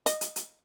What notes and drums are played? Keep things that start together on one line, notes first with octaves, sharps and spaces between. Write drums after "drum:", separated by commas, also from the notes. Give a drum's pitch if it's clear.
D#5, drum: hi-hat
drum: hi-hat
drum: hi-hat